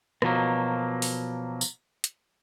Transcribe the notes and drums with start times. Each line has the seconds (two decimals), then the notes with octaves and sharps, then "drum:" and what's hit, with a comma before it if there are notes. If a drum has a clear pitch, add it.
0.22 B2 F3 F#3 A#3, drum: rim click
1.02 drum: open hi-hat
1.61 drum: tambourine
2.04 drum: hi-hat